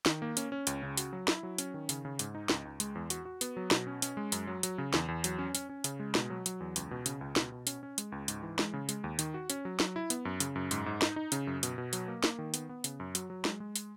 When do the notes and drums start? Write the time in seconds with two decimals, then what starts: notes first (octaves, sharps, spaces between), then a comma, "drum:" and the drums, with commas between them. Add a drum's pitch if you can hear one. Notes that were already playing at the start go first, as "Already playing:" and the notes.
0.06 D#3, drum: snare
0.22 A#3
0.37 C#4, drum: hi-hat
0.52 C#4
0.67 C#2, drum: hi-hat
0.83 C#3
0.97 F#4, drum: hi-hat
1.13 F#3
1.28 E4, drum: snare
1.43 F#3
1.58 C#4, drum: hi-hat
1.74 D#3
1.89 C#3, drum: hi-hat
2.05 C#3
2.19 G#2, drum: hi-hat
2.35 D#4
2.49 C#2, drum: snare
2.65 C#2
2.80 G#3, drum: hi-hat
2.95 E2
3.10 F#4, drum: hi-hat
3.25 F#4
3.41 B3, drum: hi-hat
3.57 F#3
3.71 B2, drum: snare
3.87 C#4
4.02 C#4, drum: hi-hat
4.17 G#3
4.32 F#2, drum: hi-hat
4.47 F#3
4.63 F#3, drum: hi-hat
4.78 C#3
4.94 E2, drum: snare
5.08 E2
5.24 F#3, drum: hi-hat
5.39 C#4
5.55 C#4, drum: hi-hat
5.69 C#4
5.84 C#3, drum: hi-hat
6.00 G#3
6.15 B2, drum: snare
6.30 F#3
6.46 F#3, drum: hi-hat
6.60 E2
6.76 C#2, drum: hi-hat
6.91 B2
7.06 C#3, drum: hi-hat
7.21 C#2
7.36 B2, drum: snare
7.52 B2
7.67 C#4, drum: hi-hat
7.83 C#4
7.98 G#3, drum: hi-hat
8.12 C#2
8.28 G#2, drum: hi-hat
8.43 E3
8.59 G#3, drum: snare
8.73 C#3
8.89 G#3, drum: hi-hat
9.04 D#2
9.19 D#3, drum: hi-hat
9.34 F#4
9.50 C#4, drum: hi-hat
9.65 F#3
9.80 F#3, drum: snare
9.96 E4
10.10 B3, drum: hi-hat
10.25 F#2
10.40 C#3, drum: hi-hat
10.56 F#2
10.71 G#2, drum: hi-hat
10.86 G#2
11.02 D#4, drum: snare
11.16 D#4
11.32 C#3, drum: hi-hat
11.47 F#2
11.63 B2, drum: hi-hat
11.78 B2
11.93 F#3, drum: hi-hat
12.08 A#3
12.24 A#3, drum: snare
12.39 D#3
12.54 B3, drum: hi-hat
12.69 B3
12.84 C#3, drum: hi-hat
13.00 F#2
13.15 F#3, drum: hi-hat
13.30 F#3
13.45 G#3, drum: snare
13.60 G#3
13.76 drum: hi-hat